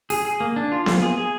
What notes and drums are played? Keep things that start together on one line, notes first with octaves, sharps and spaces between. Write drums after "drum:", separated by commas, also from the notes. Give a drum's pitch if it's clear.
G#4, drum: open hi-hat
G#4
A#3
D4
F4
A#3, drum: snare B3
G#4
G#4